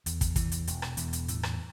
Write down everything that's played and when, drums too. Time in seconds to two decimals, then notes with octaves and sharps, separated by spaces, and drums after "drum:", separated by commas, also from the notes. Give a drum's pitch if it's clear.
0.06 E2, drum: hi-hat
0.21 drum: kick, hi-hat
0.36 E3, drum: kick, hi-hat
0.52 drum: hi-hat
0.67 E1, drum: hi-hat
0.82 drum: rim click
0.97 E2, drum: hi-hat
1.13 drum: hi-hat
1.28 A2, drum: hi-hat
1.43 drum: rim click